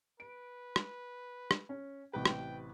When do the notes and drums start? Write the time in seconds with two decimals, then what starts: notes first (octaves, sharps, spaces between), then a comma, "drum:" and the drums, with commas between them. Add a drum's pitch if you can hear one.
0.20 B4 D7
0.76 drum: rim click
1.51 drum: rim click
1.69 C#4
2.13 A1 C3 B4 G5
2.25 drum: rim click